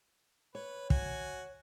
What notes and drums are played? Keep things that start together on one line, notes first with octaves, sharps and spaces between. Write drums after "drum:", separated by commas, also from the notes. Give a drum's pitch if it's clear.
B4 C#5
F#4 G#5, drum: kick